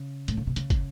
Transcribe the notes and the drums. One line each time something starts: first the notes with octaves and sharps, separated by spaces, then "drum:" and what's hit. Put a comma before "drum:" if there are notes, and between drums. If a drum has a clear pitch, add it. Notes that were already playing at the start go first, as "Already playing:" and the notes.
Already playing: C#3
A2, drum: hi-hat
C#3
C3
C#3, drum: hi-hat
drum: kick, hi-hat